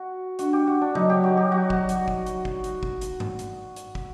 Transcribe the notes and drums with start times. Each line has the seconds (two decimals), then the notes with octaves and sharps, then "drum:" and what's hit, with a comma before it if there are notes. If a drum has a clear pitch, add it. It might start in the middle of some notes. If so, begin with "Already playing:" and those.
Already playing: F#4
0.39 D4 F#4, drum: hi-hat
0.53 G4
0.67 F#4
0.81 D4
0.95 F#3 D#4, drum: tom C#3
1.10 G4
1.24 F#4
1.37 G4
1.52 F#4
1.70 drum: kick
1.89 drum: hi-hat
2.08 drum: kick
2.26 drum: hi-hat
2.45 drum: kick
2.64 drum: hi-hat
2.83 drum: kick
3.01 drum: hi-hat
3.20 drum: tom G2
3.39 drum: hi-hat
3.76 drum: hi-hat
3.95 drum: kick